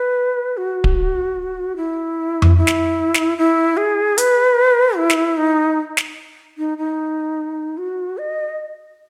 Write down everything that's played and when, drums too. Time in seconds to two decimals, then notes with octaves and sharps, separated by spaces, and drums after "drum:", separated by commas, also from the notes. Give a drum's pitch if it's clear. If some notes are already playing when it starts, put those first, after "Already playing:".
Already playing: B4
0.57 F#4
0.84 drum: kick D1
1.77 E4
2.42 drum: tom F2
2.57 E4
2.67 drum: snare
3.14 drum: snare
3.38 E4
3.77 G#4
4.18 B4, drum: hi-hat
4.98 E4
5.10 drum: snare
5.37 D#4
5.97 drum: snare
6.58 D#4
6.78 D#4
7.78 F#4
8.18 D#5